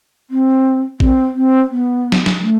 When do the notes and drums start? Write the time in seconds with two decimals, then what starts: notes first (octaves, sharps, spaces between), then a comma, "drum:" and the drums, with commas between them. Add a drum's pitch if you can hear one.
0.30 C4
1.00 C4, drum: kick A1
1.35 C4
1.71 B3
2.12 drum: snare
2.26 drum: snare
2.42 A3